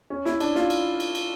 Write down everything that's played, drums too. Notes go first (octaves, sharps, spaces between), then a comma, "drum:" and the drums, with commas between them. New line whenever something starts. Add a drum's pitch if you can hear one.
C#4
E4, drum: snare
D4, drum: cymbal
F4, drum: snare
drum: cymbal
drum: cymbal
drum: cymbal